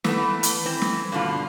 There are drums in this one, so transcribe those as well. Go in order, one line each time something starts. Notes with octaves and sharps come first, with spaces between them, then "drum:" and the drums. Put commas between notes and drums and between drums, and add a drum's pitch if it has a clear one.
E3 A3 B3, drum: snare
drum: hi-hat
E3 C4
drum: snare
G2 B2 D3 F4